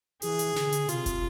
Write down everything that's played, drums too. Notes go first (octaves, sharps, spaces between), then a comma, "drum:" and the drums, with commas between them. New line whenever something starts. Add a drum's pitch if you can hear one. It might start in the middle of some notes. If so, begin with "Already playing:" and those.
E3 G#4, drum: open hi-hat
drum: hi-hat
D3, drum: snare
drum: hi-hat
C3 F4, drum: hi-hat
drum: kick F1, hi-hat